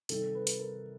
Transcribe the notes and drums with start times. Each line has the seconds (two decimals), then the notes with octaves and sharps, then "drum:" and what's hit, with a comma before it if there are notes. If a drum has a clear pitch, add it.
0.09 C3 D#3 G3 C4 D#4 A4, drum: hi-hat
0.35 B4
0.47 drum: hi-hat
0.60 A#4